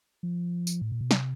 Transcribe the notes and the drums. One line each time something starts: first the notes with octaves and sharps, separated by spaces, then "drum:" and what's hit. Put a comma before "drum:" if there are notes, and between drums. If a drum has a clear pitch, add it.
F3
drum: tambourine
A2
A#2
B2
C3, drum: snare